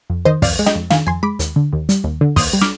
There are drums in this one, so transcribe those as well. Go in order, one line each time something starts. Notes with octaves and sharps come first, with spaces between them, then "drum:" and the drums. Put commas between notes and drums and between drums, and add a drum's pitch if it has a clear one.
F2
D#3 C5 D#5
F2 D5 F5, drum: kick, open hi-hat
G#3
D#5 G5, drum: snare
F2
D#3 F5 G#5, drum: snare
F2 G#5 C6
G#3 B5 D6
D#2, drum: hi-hat
D3
D#2
G3, drum: hi-hat
D#2
D3
D#2 C6 D#6, drum: kick, open hi-hat
G3
D6 F6, drum: snare